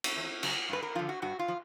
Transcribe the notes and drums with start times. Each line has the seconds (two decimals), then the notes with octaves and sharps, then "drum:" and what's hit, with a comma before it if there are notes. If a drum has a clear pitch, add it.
0.04 drum: cymbal
0.16 E2
0.43 C#3 F#3, drum: cymbal
0.69 G2 B4
0.82 A#4
0.95 D3 F3 F4
1.09 F#4
1.22 G2 F#4
1.39 F4
1.48 F3